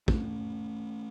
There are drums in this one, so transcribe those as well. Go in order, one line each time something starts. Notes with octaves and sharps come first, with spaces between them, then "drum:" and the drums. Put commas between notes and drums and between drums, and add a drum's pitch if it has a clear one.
A3 C#4, drum: kick